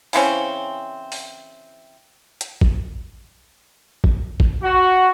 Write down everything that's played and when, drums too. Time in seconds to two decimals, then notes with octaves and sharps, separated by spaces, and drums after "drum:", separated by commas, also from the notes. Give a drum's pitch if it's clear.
0.13 C#3 E3 C4 C#4, drum: open hi-hat
1.12 drum: open hi-hat
2.41 drum: hi-hat
2.61 drum: kick G#1
4.04 drum: kick G#1
4.40 drum: kick G#1
4.63 F#4